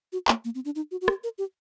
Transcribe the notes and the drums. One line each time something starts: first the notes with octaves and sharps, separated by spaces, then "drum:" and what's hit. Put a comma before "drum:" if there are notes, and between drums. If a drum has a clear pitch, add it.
F#4
A#3, drum: clap
A#3
C4
D4
D#4
F#4
F#4
G4, drum: rim click
A#4
G4